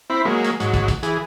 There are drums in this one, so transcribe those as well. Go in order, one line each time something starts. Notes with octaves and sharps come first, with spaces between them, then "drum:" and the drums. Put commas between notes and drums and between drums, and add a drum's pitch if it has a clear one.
C4 E4 B5
F#3 G#3 A#3
drum: hi-hat
G#2 F#3, drum: hi-hat
drum: kick, hi-hat
drum: kick, hi-hat
E3 G#4, drum: hi-hat